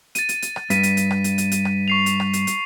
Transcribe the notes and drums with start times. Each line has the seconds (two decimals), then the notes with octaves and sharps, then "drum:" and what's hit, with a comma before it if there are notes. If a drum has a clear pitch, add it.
0.15 A6 D#7, drum: hi-hat
0.29 drum: hi-hat
0.42 drum: hi-hat
0.56 drum: rim click
0.70 G2 B6 D#7, drum: hi-hat
0.83 drum: hi-hat
0.97 drum: hi-hat
1.11 drum: rim click
1.24 drum: hi-hat
1.38 drum: hi-hat
1.52 drum: hi-hat
1.65 drum: rim click
1.88 C#6 C7 F7
2.06 drum: hi-hat
2.20 drum: rim click
2.33 drum: hi-hat
2.47 drum: hi-hat